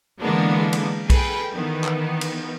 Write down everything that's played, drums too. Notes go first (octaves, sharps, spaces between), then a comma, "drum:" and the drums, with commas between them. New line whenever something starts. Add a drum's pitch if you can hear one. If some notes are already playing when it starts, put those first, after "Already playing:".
D3 E3 G#3 A#3 B3 D4
drum: cymbal
G#4 A4 B4 G5, drum: kick B1, cymbal
D#3 E3 B3
drum: clap
drum: cymbal